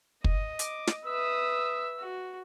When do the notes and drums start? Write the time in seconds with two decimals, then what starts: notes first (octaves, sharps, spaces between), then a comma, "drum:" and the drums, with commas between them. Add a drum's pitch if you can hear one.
0.24 D#5, drum: kick
0.59 D6, drum: hi-hat
0.87 drum: snare
1.05 B4 E5 D#6 E6
1.99 F#4